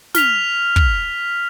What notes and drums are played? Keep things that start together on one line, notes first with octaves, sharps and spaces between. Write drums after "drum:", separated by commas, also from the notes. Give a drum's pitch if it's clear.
F6 B6 F7, drum: snare
drum: kick